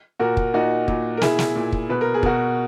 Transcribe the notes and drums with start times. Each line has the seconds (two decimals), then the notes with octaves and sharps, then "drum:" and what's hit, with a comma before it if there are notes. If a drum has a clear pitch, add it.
0.19 A#2 F#4 A#4
0.37 drum: kick
0.54 A#2 D#4 F#4
0.88 A#2, drum: kick
1.17 A#4
1.21 B2 E4 G#4, drum: snare
1.39 drum: snare
1.56 A#2
1.72 drum: kick
1.89 B2 B4
2.01 A#4
2.14 G#4
2.23 B2 F#4 A#4, drum: kick